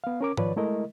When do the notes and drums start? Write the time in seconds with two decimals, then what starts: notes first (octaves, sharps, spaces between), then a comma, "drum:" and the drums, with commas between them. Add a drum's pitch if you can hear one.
0.04 B3 F5
0.21 C#4 A#4 D6
0.37 D#3 F3 B4 C#5 D5, drum: tom G#2
0.56 G#3 A3 E4 A#4 D#5